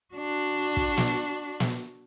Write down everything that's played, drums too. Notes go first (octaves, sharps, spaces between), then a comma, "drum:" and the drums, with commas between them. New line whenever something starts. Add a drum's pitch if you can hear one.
D4 F#4
drum: kick
drum: snare
drum: snare